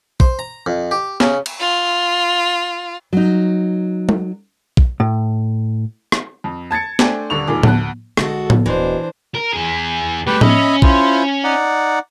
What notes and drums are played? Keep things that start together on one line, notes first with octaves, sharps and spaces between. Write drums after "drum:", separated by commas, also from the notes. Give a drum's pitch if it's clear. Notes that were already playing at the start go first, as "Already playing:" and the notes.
C5, drum: kick
A#5
F2
G4
C#3, drum: snare
drum: cymbal
F4
F#3 D#4
drum: tom G3
drum: kick
A2
drum: rim click
F2
A5 G#6 A6 C#7
A3 D4 C5 G5 G#5, drum: snare
D#1 D3 D4 C#6 F7
E1 A#2 D#3 G#4 D6
D2 A5 F#6, drum: tom A2
A#1 D3 G#3 F#4 A4, drum: rim click
drum: tom A2
D#1 B2 E3 A3 D4 C5
A#4
E2 G#4
G3 A3 G4 B4 G5
C#4 D#5 E5 B5, drum: tom A2
E4 F4 C5, drum: kick
D#4 D5 F#5